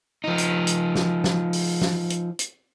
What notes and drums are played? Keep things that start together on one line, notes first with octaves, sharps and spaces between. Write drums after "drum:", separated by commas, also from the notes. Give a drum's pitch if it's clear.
F3 D#4
drum: hi-hat
drum: hi-hat
drum: snare
drum: snare
drum: open hi-hat
drum: snare
drum: hi-hat
drum: hi-hat